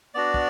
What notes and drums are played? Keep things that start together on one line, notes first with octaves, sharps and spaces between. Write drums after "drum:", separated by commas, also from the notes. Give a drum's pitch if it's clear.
B3 D4 F#4 D5
drum: kick